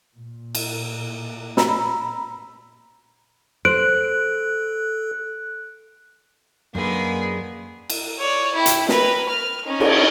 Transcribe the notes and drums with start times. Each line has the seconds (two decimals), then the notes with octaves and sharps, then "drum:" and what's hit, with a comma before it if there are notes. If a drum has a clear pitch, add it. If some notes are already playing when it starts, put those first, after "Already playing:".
0.15 A#2
0.55 drum: cymbal
1.57 A#5 B5 E6, drum: snare
3.65 A4 C5 F#6 D7
6.75 F#2 D3 D#3 G#3 A#3 G#4 B4
7.90 drum: cymbal
8.19 C#5 D5
8.55 E4 G5
8.66 drum: hi-hat
8.89 A#4 B4, drum: snare
9.29 F6
9.65 C#4 D#4
9.80 drum: cymbal